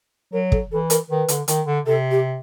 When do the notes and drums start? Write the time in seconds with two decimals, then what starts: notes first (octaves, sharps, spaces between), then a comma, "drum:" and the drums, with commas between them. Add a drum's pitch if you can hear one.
0.33 F#3 A#4
0.52 A4, drum: kick
0.71 E3 A4
0.90 A#4, drum: hi-hat
1.09 D#3 B4
1.28 D3, drum: hi-hat
1.48 D#3, drum: hi-hat
1.66 D3
1.85 C3 A4
2.11 G4